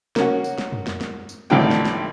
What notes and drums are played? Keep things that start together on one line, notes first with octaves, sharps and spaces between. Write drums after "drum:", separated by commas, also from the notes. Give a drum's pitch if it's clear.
A#3 C#4 F#4, drum: snare
drum: tambourine
drum: snare
drum: tom
drum: snare
drum: snare
drum: tambourine
G#1 A2 D3 F3 C4 G5
drum: snare
drum: snare